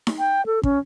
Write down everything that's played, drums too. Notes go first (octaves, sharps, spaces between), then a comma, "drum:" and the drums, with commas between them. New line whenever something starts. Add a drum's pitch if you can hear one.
drum: snare D#4
G5
A4
C#4, drum: kick